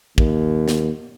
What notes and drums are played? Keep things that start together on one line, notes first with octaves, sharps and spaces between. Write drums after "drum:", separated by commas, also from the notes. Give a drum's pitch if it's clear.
D#2, drum: kick
drum: snare